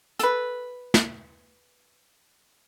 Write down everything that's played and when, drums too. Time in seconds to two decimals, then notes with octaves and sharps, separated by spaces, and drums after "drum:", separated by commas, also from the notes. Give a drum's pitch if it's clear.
0.19 A4 B4, drum: hi-hat
0.94 drum: snare